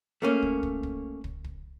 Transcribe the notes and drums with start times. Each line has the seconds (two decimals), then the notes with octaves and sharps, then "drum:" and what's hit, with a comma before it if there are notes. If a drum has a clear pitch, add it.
0.22 A3 A#3 C#4
0.42 drum: kick
0.63 drum: kick
0.83 drum: kick
1.24 drum: kick
1.44 drum: kick